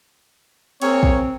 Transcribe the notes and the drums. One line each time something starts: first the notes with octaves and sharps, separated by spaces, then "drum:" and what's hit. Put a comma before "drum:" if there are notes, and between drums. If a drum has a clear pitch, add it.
A#3 C4 G#4 C#5, drum: cymbal
drum: kick